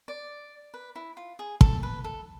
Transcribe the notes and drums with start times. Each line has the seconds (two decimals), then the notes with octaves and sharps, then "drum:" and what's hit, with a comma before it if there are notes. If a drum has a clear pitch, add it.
0.08 D5
0.74 B4
0.95 E4
1.17 F4
1.39 G#4
1.61 A4, drum: kick
1.83 B4
2.04 A4